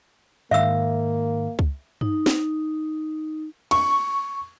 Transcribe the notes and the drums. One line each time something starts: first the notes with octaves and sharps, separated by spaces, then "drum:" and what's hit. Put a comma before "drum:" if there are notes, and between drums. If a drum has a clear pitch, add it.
G#2 D#3 A#3 E5 F5 E6
drum: kick C#2
D#4, drum: tom G2
drum: snare
C#6, drum: cymbal